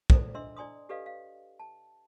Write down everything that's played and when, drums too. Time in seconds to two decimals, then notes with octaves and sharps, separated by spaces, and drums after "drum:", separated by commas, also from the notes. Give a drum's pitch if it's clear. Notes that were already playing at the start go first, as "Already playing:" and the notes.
0.10 A4 C5 D5, drum: kick
0.34 D4 D#5 E5 C6 E6
0.57 E4 D5 G#5 C6 D#6
0.89 G4 A4 B4 D5 D#5 F5
1.06 F5
1.59 A5